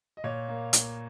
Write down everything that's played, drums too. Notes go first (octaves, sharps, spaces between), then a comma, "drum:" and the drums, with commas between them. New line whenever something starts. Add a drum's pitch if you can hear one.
D#5
A#2 C#5
A#3
A#3, drum: hi-hat